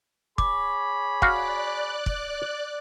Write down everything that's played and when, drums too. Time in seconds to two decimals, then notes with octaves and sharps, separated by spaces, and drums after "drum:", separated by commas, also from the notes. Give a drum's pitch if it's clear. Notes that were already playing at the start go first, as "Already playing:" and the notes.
0.38 G#4 C#5 B5 D6, drum: kick
1.22 F#4 D5 F5 F#6, drum: kick
2.06 drum: kick